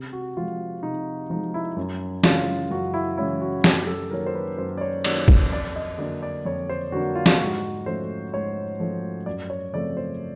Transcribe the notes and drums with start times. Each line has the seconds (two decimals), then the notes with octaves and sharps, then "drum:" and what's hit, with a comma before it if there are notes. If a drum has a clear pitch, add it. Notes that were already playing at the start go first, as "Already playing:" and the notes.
Already playing: C3
0.13 F#4
0.37 F3 G#3 F4
0.83 C3 D#4
1.30 F3 G#3 D#4
1.54 E4
1.76 F#2
2.24 C#3 E3 G#3 C#4 F4, drum: snare
2.70 F#2 F#4
2.94 E4
3.18 C#3 E3 G#3 C#4 E4
3.41 F#4
3.64 F#2 G4, drum: snare
3.87 A4
4.11 D#3 F#3 A#3 C#4 A#4
4.26 C5
4.35 B4
4.58 F#2 C5
4.77 D5
4.81 C#5
5.04 D#3 F#3 A#3 C#4 D5, drum: cymbal
5.28 C#5, drum: kick A#1
5.51 F2 D5
5.76 D#5
5.98 D3 F#3 A#3 D4 D5
6.23 D5
6.45 F2 C#5
6.69 C5
6.92 D3 F#3 A#3 D4 F#4
7.15 F4
7.26 drum: snare
7.39 G#2 F#4
7.86 F3 A3 C#4 C5
8.33 G#2 C#5
8.80 F3 A3 C#4
9.26 F#2 D5
9.50 C#5
9.73 C#3 F3 A3 C4 D5
9.97 C5